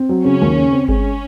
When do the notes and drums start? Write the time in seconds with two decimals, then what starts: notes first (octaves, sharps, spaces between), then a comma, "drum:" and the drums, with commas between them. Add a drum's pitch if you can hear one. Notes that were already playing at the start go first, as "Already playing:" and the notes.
Already playing: C4
0.09 F#3
0.25 C#3 C#4
0.41 D#2
0.56 C#3
0.72 C4
0.89 G#3 C#4, drum: kick G1